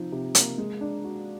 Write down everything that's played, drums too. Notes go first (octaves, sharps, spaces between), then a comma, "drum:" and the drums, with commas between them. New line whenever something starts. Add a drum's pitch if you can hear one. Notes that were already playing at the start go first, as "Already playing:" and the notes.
Already playing: C3 F3 D#4
C3
A#3, drum: hi-hat
G#3
D4
F#4